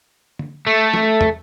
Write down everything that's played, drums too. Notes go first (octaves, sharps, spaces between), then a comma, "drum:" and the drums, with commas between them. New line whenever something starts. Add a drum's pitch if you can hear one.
drum: tom
A3
drum: snare
drum: tom